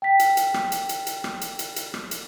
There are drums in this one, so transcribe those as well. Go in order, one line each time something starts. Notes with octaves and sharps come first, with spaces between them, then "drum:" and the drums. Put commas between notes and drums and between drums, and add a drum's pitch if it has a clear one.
G5 B6
drum: hi-hat
drum: hi-hat
drum: rim click
drum: hi-hat
drum: hi-hat
drum: hi-hat
drum: rim click
drum: hi-hat
drum: hi-hat
drum: hi-hat
drum: rim click
drum: hi-hat